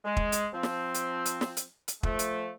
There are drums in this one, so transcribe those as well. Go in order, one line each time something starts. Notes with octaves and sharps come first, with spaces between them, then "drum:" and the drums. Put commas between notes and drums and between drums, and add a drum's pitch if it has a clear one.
G#3
drum: kick
drum: hi-hat
F3 C4
drum: snare
drum: hi-hat
drum: hi-hat
drum: snare
drum: hi-hat
drum: hi-hat
F3 A3, drum: kick
drum: hi-hat